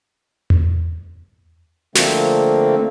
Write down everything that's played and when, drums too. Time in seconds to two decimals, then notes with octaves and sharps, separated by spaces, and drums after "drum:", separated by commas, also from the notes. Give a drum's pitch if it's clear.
0.50 drum: tom E2
1.95 D3 F3 A3 A#3 C4, drum: snare